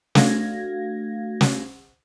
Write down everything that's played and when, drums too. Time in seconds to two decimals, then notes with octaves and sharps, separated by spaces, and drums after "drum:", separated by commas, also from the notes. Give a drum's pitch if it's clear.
0.15 A3 D4 F#4 F5 G#6 A#6, drum: snare
1.41 drum: snare